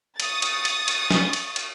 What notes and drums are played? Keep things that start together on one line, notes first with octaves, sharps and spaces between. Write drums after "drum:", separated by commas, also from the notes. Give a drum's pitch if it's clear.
C#6 D#6 A6, drum: cymbal
drum: cymbal
drum: cymbal
drum: cymbal
drum: snare
drum: cymbal
drum: cymbal